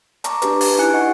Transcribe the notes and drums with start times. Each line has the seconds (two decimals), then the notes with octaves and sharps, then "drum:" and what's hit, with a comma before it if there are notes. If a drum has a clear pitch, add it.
0.24 A5 A#5 C#6 D6, drum: hi-hat
0.42 D4 G4 B4, drum: hi-hat
0.61 B4, drum: open hi-hat
0.78 D#4 E4 G#5 F#6 C#7
0.93 G4 D#5 F#5 G#5 C#6